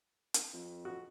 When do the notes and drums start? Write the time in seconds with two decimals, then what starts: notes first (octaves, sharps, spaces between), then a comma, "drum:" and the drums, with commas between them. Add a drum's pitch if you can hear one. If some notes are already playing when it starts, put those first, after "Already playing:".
0.34 drum: hi-hat
0.53 F2
0.85 F#4